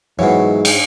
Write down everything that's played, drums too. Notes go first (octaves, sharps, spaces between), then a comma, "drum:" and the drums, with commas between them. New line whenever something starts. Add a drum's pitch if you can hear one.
G#2 B2 E3 F#3 C#5
drum: cymbal